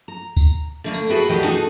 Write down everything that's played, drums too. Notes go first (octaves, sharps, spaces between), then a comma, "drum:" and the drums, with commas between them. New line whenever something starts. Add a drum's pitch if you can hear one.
A#5
drum: kick, tambourine
D3 A3 A#3
drum: tambourine
F#4 G#4 A4 B4 E5 G5
D2 B2 E3 G4 A#4 B4
A3 D4 D#4 F#4 G#4 A4